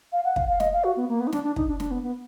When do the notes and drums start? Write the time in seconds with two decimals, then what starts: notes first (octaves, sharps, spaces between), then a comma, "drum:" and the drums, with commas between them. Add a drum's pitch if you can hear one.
0.12 F5
0.25 F#5
0.36 F5, drum: kick
0.48 F5
0.60 D#5, drum: snare
0.73 F5
0.84 F#4
0.97 B3
1.09 A#3
1.20 B3
1.27 D#4
1.32 D4, drum: snare
1.44 D4
1.56 D#4, drum: kick
1.68 D4
1.80 D4, drum: snare
1.91 B3
2.03 B3